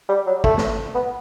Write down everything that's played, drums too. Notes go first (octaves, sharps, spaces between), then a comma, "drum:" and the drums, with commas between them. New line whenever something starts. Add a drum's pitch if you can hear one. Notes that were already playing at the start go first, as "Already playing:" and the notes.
G3
F#3
A3, drum: kick
drum: snare
B3